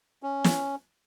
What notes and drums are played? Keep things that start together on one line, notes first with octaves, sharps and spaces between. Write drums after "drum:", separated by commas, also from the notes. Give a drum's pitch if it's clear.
C#4
drum: snare